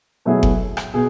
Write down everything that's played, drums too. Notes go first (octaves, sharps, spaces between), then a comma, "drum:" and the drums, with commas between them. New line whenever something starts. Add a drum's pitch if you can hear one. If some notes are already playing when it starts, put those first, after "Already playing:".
B2 F#3 A3 E4 G#4
drum: kick F#1
drum: rim click
B2 G#4